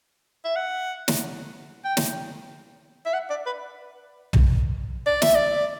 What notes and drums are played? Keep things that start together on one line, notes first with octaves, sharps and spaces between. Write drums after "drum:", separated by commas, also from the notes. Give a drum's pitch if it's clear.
E5
F#5
drum: snare
G5
drum: snare
E5
F#5
D5
B4
drum: tom
D5
E5, drum: snare
D5